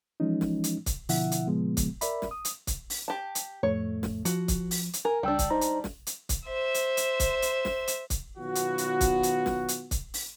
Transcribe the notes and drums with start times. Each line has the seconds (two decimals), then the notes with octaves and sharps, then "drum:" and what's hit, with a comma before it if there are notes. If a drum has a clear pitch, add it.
0.20 E3 F3 G#3 C#4 D#4
0.41 drum: snare
0.64 drum: hi-hat
0.86 drum: kick, hi-hat
1.09 B2 D3 F3 E4 E5 F#5, drum: open hi-hat
1.32 drum: hi-hat
1.47 A#2 C#3 F3 G#3 B3
1.77 drum: kick, hi-hat
2.01 A#4 D5 E5 B5, drum: hi-hat
2.22 drum: snare
2.31 D#6
2.45 drum: hi-hat
2.67 drum: kick, hi-hat
2.90 drum: open hi-hat
3.08 G4 A5
3.35 drum: hi-hat
3.63 F2 A2 A3 C#5
4.03 drum: snare
4.25 F3 F#4, drum: hi-hat
4.48 drum: kick, hi-hat
4.71 drum: open hi-hat
4.93 drum: hi-hat
5.05 A#4 G#5
5.23 C#2 G3 D4 G5 E6
5.39 drum: kick, hi-hat
5.51 D#4 C5 A#5
5.61 drum: hi-hat
5.84 drum: snare
6.07 drum: hi-hat
6.29 drum: kick, hi-hat
6.48 C5 E5
6.74 drum: hi-hat
6.97 drum: hi-hat
7.20 drum: kick, hi-hat
7.42 drum: hi-hat
7.65 drum: snare
7.87 drum: hi-hat
8.10 drum: kick, hi-hat
8.37 B2 D#3 F#3 B3 F4 F#4
8.55 drum: hi-hat
8.78 drum: hi-hat
9.01 drum: kick, hi-hat
9.23 drum: hi-hat
9.46 drum: snare
9.68 drum: hi-hat
9.91 drum: kick, hi-hat
10.14 drum: open hi-hat